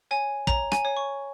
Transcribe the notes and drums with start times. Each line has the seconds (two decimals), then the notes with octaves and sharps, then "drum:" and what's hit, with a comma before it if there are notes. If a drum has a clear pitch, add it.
0.11 C#5 G#5
0.47 C#5 A#5, drum: kick
0.72 G#5, drum: rim click
0.85 C#5
0.97 C#6